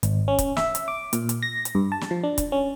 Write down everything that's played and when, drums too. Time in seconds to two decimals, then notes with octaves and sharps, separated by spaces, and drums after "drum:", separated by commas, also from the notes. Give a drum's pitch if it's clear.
0.03 G#1, drum: hi-hat
0.28 C#4
0.39 drum: kick, hi-hat
0.57 E5, drum: snare
0.75 drum: hi-hat
0.88 D6
1.13 A#2, drum: hi-hat
1.29 drum: hi-hat
1.43 A#6
1.65 drum: hi-hat
1.75 G2
1.92 A5
2.01 drum: snare
2.11 F3
2.24 D4
2.38 drum: kick, hi-hat
2.52 C#4